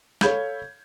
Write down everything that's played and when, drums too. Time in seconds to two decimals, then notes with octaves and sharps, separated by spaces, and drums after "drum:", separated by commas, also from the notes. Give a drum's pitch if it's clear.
0.21 A4 C#5 F5 B5 G6 G#6, drum: snare